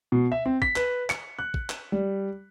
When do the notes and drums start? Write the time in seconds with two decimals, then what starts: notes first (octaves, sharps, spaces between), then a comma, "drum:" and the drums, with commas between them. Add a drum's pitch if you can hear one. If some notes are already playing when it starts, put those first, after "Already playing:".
0.12 B2
0.32 E5
0.46 C4
0.62 B6, drum: kick
0.76 B4, drum: clap
1.10 C#7, drum: clap
1.39 F#6
1.54 drum: kick
1.70 drum: clap
1.92 G3